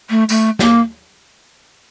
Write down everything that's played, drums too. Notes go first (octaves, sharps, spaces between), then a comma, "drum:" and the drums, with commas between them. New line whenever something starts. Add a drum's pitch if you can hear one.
A3
A3, drum: tambourine
A#3, drum: snare